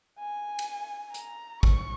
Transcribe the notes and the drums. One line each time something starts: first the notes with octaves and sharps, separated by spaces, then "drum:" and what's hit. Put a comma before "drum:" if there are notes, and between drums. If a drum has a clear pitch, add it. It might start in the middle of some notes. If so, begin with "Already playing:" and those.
G#5
drum: cymbal
A#5, drum: hi-hat
C#6, drum: kick